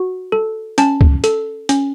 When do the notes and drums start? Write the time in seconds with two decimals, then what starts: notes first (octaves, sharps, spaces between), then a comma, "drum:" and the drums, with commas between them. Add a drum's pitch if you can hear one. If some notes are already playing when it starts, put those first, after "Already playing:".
Already playing: F#4
0.32 A4
0.78 C#4 A5, drum: hi-hat
1.01 drum: kick C#2
1.24 A4, drum: hi-hat
1.69 C#4, drum: hi-hat